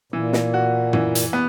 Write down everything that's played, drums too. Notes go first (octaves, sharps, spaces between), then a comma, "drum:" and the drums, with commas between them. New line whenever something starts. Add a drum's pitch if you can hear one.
A#2 E3
drum: snare
F#4
E3, drum: tom
drum: hi-hat
B3